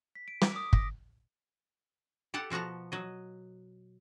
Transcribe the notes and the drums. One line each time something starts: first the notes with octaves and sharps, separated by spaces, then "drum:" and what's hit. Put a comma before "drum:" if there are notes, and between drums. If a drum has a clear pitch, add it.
B6
D7
D6, drum: snare
D#6
A#6, drum: kick
G4 A4 F#5 A5
B2 F3 F#4 A5 A#5
F#3 D#5